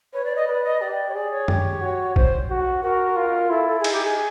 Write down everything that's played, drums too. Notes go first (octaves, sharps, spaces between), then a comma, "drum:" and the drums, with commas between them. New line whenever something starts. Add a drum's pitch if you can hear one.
B4 C#5
D5
D#5
B4 D5
D#5
G4 D5
C#5
G#4 D5
C#5
G4, drum: tom F#2
F#4
C5, drum: kick A#1
F#4
F#4 A#4
F4
E4 A4
A4
G#4
D#4, drum: cymbal
G4
G#4